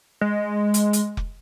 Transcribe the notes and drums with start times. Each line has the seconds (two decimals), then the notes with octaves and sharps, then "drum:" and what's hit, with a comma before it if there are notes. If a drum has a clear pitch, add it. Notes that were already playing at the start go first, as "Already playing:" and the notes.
0.21 G#3
0.74 drum: hi-hat
0.93 drum: hi-hat
1.17 drum: kick F1